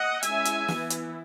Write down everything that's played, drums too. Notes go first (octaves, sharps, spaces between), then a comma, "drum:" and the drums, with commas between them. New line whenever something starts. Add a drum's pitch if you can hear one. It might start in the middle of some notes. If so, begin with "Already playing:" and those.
Already playing: D#5 F#5
G#3 C#4 E4 E5 G#5, drum: hi-hat
drum: hi-hat
E3 B3 E4, drum: snare
drum: hi-hat